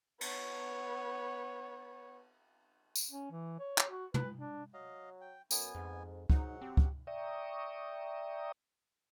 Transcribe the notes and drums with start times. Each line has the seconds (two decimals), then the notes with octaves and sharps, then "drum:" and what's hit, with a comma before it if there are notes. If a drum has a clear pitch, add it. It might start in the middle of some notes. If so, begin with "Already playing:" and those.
0.21 B3 C#5, drum: cymbal
2.96 drum: tambourine
3.11 C#4
3.31 E3
3.59 C#5
3.78 drum: clap
3.90 F#4
4.14 B4, drum: tom
4.37 D4
4.74 F#3 D#5 F5
5.21 G5
5.51 F#2 B3 G#5, drum: tambourine
5.75 F2 G#2
6.30 G#2 F#3 D#4 F#5, drum: kick
6.61 C4 G4
6.77 drum: kick
7.07 D5 E5 G5 A#5 C#6 D#6